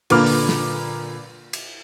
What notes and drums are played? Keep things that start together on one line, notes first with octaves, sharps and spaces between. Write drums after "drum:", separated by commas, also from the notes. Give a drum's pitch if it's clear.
A#2 D3 A#3 B4 D6 F6, drum: cymbal
drum: open hi-hat
drum: snare
drum: cymbal